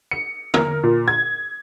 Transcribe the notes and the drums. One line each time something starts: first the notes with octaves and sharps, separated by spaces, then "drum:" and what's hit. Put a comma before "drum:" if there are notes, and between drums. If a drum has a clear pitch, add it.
C#7
A#4, drum: tom D3
A#2
G#6